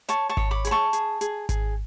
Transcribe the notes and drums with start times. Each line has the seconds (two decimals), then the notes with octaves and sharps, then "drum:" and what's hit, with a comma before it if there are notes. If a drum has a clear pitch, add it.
0.09 C#5 A5 C#6, drum: hi-hat
0.29 A5 C#6
0.37 C#5, drum: kick G#1
0.51 B5 D6
0.65 G#4 B5, drum: hi-hat
0.71 A5 C#6
0.93 G#4, drum: hi-hat
1.21 G#4, drum: hi-hat
1.49 G#4, drum: kick G#1, hi-hat